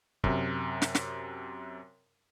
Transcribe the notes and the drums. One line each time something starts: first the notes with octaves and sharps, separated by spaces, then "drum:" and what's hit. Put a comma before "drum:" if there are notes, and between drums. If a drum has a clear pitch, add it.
F#2 C3, drum: kick
drum: snare
drum: snare